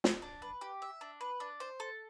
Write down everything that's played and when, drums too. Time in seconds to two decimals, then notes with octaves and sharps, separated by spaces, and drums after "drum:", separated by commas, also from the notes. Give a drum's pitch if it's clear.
0.04 drum: snare
0.22 D4
0.42 B4
0.61 G4
0.82 E5
1.01 D4
1.21 B4
1.40 D4
1.60 C5
1.80 A4